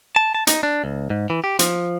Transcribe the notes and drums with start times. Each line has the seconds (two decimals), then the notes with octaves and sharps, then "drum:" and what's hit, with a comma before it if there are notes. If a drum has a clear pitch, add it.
0.16 A5
0.35 A5
0.47 D#4, drum: hi-hat
0.63 D4
0.84 C#2
1.10 G#2
1.30 E3
1.44 G4
1.59 F3, drum: hi-hat